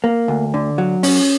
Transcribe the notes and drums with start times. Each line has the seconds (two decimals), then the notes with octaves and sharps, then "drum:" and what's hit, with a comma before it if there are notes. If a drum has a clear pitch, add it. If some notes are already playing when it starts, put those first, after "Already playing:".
0.04 A#3
0.28 D2
0.54 D3
0.78 F#3
1.03 C#4, drum: open hi-hat